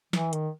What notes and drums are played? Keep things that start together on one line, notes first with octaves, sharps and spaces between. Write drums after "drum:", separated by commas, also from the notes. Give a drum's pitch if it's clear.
E3, drum: snare
D#3, drum: hi-hat